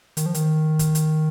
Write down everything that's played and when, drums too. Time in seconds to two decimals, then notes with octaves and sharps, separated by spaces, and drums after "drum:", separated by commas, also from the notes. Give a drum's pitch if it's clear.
0.17 D#3, drum: hi-hat
0.26 F3
0.34 D#3, drum: hi-hat
0.79 drum: kick, hi-hat
0.95 drum: hi-hat